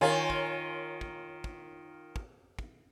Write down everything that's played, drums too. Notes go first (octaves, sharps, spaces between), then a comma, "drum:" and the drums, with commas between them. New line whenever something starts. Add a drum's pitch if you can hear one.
D#3 F4 A#4 C#5 G#5
drum: kick
drum: kick
drum: kick
drum: kick
drum: kick